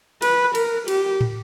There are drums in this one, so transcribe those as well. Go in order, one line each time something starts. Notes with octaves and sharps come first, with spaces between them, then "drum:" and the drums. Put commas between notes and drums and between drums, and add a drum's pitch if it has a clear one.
B4, drum: cymbal
A#4, drum: cymbal
G4, drum: cymbal
drum: tom